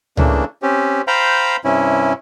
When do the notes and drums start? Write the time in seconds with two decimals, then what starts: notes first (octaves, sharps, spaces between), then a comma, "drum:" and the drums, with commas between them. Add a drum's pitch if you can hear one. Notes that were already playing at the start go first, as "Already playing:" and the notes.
0.17 C#3 E3 A3 A#3 D4, drum: tom C#2
0.62 C4 C#4 G4
1.07 C5 F5 G5 A#5 B5
1.64 G2 C3 C#4 E4